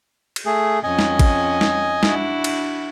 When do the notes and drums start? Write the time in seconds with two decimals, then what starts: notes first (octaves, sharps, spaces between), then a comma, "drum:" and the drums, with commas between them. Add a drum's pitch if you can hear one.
0.36 drum: cymbal
0.46 A3 G#4
0.84 F2 C#4 D#5 G#5
0.99 drum: snare
1.19 drum: kick G#1, cymbal
1.61 drum: snare
2.03 D4 E4 F#4, drum: snare
2.44 drum: cymbal